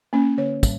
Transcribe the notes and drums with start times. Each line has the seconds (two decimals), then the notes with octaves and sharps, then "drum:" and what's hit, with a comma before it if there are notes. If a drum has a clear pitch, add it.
0.13 A#3 C#4
0.38 D3 C#5
0.63 G3, drum: kick, tambourine